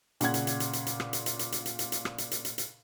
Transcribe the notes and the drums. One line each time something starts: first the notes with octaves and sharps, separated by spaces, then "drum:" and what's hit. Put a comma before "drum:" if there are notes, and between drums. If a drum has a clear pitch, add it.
A#2 C#3 F#5 G#6, drum: hi-hat
drum: hi-hat
drum: hi-hat
drum: hi-hat
drum: hi-hat
drum: hi-hat
drum: rim click
drum: hi-hat
drum: hi-hat
drum: hi-hat
drum: hi-hat
drum: hi-hat
drum: hi-hat
drum: hi-hat
drum: rim click
drum: hi-hat
drum: hi-hat
drum: hi-hat
drum: hi-hat